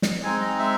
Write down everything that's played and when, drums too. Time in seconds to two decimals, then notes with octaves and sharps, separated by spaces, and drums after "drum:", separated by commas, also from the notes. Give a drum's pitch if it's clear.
0.02 drum: snare
0.23 G#3 C4 D#4 G#5
0.41 A#5
0.59 E5